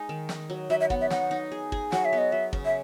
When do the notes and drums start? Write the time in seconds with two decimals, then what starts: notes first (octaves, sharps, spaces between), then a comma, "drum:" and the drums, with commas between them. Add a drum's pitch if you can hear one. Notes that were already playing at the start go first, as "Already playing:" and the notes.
Already playing: G#3 D#4
0.09 D#3
0.29 D#4, drum: snare
0.50 F#3
0.70 F#3 E5
0.80 E5
0.90 B3 F#5, drum: kick
1.01 E5
1.11 D#4 F#5, drum: snare
1.31 D#4
1.52 G#4
1.72 G#4, drum: kick
1.92 F#3 F#5, drum: snare
2.05 E5
2.13 B3
2.18 D#5
2.32 F#3 E5
2.53 C#3, drum: kick
2.65 E5